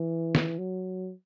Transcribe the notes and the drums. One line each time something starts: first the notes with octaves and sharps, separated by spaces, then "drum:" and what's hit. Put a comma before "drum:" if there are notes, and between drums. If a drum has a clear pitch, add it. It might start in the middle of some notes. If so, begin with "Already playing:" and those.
Already playing: E3
drum: snare
F#3